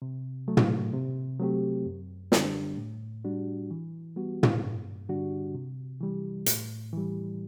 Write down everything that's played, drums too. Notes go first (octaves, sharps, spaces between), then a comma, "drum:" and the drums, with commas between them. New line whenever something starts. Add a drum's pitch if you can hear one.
C3
F#3 A3
drum: tom
C3
F#3 A3 C4 G4
F#2
D3 G3 D4, drum: snare
A2
G3 D4 F#4
E3
G3 B3 F#4
drum: tom
G2
D3 G3 D4 F#4
C3
E3 G3
A2, drum: hi-hat
E3 G3